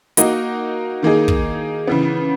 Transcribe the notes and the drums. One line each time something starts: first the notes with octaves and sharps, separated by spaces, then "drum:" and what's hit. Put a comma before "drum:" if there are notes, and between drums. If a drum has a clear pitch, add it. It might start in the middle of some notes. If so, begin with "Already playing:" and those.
A#3 D#4 F#4 A#4 D#5, drum: hi-hat
D#3 A#3 D#4 G#4
drum: kick
C#3 E3 B3